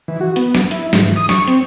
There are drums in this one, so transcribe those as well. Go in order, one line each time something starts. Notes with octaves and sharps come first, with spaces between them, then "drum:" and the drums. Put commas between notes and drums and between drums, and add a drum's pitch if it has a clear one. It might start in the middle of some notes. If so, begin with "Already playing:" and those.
E3
F#4
B3, drum: hi-hat
drum: snare
E4, drum: hi-hat
G#2, drum: snare
E3
D#6
C#6, drum: snare
C4, drum: hi-hat